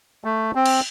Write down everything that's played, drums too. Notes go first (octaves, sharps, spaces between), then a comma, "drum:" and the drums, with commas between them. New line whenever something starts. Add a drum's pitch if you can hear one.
A3
C4
drum: cymbal